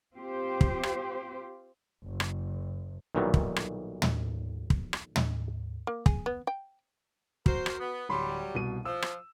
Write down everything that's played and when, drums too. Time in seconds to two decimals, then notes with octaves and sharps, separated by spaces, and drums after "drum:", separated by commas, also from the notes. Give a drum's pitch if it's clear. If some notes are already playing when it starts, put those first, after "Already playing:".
0.15 C4 F4 G4 C5
0.61 drum: kick
0.83 drum: rim click
2.04 F#1
2.20 drum: rim click
3.15 B1 A#2 D#3 E3 F#3 G3
3.34 drum: kick
3.56 drum: rim click
4.02 drum: tom
4.70 drum: kick
4.93 drum: rim click
5.16 drum: tom
5.87 A#3
6.06 G#4, drum: kick
6.26 B3
6.47 G5
7.46 F#4 A#4 C5, drum: kick
7.66 drum: rim click
7.79 B3
8.09 D1 F#3 G3 B5 C6
8.54 C2 B2 D#7
8.85 F3 E6
9.02 drum: rim click